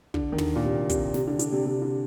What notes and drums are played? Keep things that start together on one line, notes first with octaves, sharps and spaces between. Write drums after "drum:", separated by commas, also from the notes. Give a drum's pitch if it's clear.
D3, drum: kick
D#3
D3, drum: tom
A#2
C3
C3, drum: kick, hi-hat
C3, drum: snare
D3
D3, drum: hi-hat
C3
C3
D3